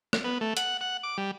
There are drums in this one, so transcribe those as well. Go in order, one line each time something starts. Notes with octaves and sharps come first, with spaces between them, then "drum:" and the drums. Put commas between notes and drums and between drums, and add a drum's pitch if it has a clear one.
drum: rim click
B3
A3
F#5, drum: hi-hat
F#5
D6
G3